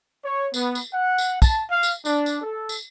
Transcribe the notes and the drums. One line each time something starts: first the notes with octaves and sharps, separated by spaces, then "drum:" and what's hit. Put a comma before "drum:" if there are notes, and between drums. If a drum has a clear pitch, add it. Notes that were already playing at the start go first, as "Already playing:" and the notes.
C#5
B3, drum: tambourine
drum: tambourine
F#5
drum: tambourine
A5, drum: kick, tambourine
F5
drum: tambourine
D4, drum: tambourine
drum: tambourine
A4
drum: tambourine